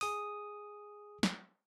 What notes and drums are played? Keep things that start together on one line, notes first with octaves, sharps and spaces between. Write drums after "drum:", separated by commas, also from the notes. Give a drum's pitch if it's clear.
G#4 D#6, drum: open hi-hat
drum: snare